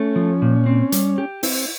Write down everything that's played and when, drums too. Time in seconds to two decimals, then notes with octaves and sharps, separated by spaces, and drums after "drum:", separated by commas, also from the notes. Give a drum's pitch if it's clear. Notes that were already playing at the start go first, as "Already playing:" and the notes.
Already playing: A3 C#4
0.16 F3
0.42 A#2
0.66 C4
0.92 G3, drum: hi-hat
1.18 G4
1.43 C4 E4, drum: open hi-hat